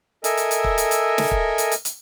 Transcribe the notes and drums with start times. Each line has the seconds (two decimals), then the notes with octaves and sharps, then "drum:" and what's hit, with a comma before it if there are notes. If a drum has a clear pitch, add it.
0.24 A4 A#4 D#5 E5 G#5, drum: hi-hat
0.37 drum: hi-hat
0.51 drum: hi-hat
0.64 drum: kick
0.78 drum: hi-hat
0.91 drum: hi-hat
1.18 drum: snare
1.31 drum: kick
1.58 drum: hi-hat
1.72 drum: hi-hat
1.85 drum: hi-hat